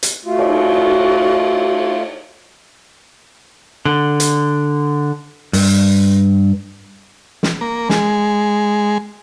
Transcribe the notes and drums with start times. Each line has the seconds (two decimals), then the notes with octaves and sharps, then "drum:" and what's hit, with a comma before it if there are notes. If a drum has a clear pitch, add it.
0.03 drum: hi-hat
0.25 A3 F4 F#4
0.39 drum: cymbal
3.85 D3
4.20 drum: hi-hat
5.53 G2, drum: open hi-hat
7.43 drum: snare
7.61 A#3
7.90 G#3, drum: snare